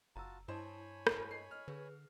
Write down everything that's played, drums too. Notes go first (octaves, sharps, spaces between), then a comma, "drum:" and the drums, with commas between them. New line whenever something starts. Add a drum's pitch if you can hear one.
F#1 F4 F#4 A5 A#5 E6
G2 E4 C5 C#5 G#5 A5 B5
drum: rim click
C7
F6
D3 G#4 B4